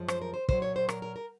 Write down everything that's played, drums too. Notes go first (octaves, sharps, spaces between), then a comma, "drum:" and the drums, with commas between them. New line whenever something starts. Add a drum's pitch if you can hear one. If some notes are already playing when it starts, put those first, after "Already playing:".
Already playing: F#2 F3 G#3
C5, drum: rim click
A#4
C5
A#2 F#3 C5, drum: kick
C#5
C5
A#4, drum: rim click
A#4
A#4